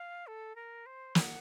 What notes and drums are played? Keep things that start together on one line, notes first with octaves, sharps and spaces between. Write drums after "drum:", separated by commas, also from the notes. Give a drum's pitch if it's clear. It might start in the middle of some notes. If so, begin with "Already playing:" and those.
Already playing: F5
A4
A#4
C5
F#5, drum: snare